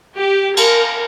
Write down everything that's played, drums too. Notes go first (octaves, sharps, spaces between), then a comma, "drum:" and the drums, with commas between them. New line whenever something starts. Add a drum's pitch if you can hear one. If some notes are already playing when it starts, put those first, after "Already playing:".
G4
A#4, drum: cymbal